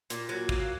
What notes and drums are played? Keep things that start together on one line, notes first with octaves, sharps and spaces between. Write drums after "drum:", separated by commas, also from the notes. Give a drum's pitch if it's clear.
A#2, drum: hi-hat
F#3
A#3, drum: kick